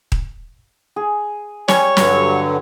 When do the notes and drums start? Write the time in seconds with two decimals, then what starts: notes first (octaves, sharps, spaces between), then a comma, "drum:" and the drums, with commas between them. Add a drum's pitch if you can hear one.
0.12 drum: kick D#1
0.96 G#4
1.68 G3 C#5 G#5 C#6, drum: snare
1.97 G2 D3 F#3, drum: snare